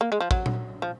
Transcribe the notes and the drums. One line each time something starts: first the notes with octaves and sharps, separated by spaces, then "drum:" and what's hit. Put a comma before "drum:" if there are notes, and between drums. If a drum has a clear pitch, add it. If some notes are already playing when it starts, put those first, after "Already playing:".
A#3
G#3
F3
F#3, drum: kick
drum: tom A#2
F3